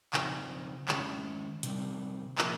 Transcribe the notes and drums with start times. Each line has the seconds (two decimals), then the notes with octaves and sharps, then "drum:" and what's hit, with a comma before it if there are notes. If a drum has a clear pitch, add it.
0.14 C#3 F3 C4 D#4, drum: clap
0.88 D#3 G#3 C#4, drum: clap
1.63 C3 D#3 G3 C4, drum: hi-hat
2.38 F3 A#3 F4 A#4, drum: clap